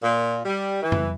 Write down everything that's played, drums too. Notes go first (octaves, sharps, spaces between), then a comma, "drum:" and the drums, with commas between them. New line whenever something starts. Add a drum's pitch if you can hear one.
A#2
G3
E3
drum: tom